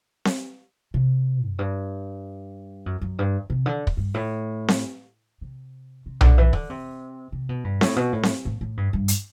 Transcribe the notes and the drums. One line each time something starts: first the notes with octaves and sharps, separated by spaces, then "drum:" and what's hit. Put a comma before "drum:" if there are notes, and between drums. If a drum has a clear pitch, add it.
drum: snare C4
C3
F#2
G2
F#2
F#2
G2
C3
D3
drum: kick
G2
A2
drum: snare C4
C3
C3
D3, drum: tom B1
E3
D3, drum: kick
C3
C3
B2
G2
A2, drum: snare C4
B2
A2
drum: snare C4
A2
A2
G2
G2
drum: hi-hat